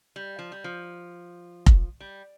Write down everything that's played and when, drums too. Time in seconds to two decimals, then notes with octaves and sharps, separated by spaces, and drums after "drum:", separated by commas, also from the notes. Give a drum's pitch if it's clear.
0.16 G3
0.39 F3
0.52 G3
0.64 F3
1.66 drum: kick F1
2.00 G3